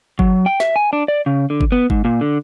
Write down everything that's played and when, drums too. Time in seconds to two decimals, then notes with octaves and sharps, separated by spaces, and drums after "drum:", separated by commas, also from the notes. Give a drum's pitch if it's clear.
0.19 F#3, drum: kick G1
0.46 G5
0.60 E5, drum: snare
0.76 G#5
0.93 D4
1.08 D5
1.26 C#3
1.50 D3
1.61 drum: kick G1
1.72 B3
1.90 G#2, drum: kick G1
2.05 A#2
2.21 D3